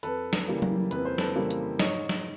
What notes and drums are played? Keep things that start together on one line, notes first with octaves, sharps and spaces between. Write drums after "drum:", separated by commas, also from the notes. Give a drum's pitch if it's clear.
F2 A4 B4, drum: hi-hat
drum: snare
C#3 E3 G3 A#3
drum: tom F#3
F2 B4, drum: hi-hat
C5
A4 B4, drum: snare
C#3 E3 G3 A#3
drum: hi-hat
G#2 C#5 D#5, drum: snare
drum: snare